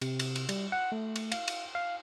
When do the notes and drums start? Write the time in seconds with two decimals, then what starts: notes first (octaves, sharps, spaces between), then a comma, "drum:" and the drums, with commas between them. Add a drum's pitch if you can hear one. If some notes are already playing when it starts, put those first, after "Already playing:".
0.02 C3, drum: cymbal
0.19 drum: cymbal
0.36 drum: cymbal
0.49 G3, drum: cymbal
0.72 F#5
0.92 A3
1.16 drum: cymbal
1.32 F5, drum: cymbal
1.48 drum: cymbal
1.75 F5